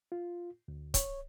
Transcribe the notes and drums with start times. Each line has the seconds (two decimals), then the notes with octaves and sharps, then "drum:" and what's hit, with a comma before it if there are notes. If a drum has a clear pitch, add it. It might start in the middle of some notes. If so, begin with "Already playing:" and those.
0.12 F4
0.68 D2
0.94 C#5, drum: kick, hi-hat